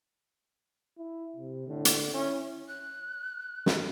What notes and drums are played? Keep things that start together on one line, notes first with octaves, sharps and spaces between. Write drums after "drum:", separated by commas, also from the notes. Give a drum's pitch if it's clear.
E4
C3
A2 D3
drum: hi-hat
C#4 E4
F#6
drum: snare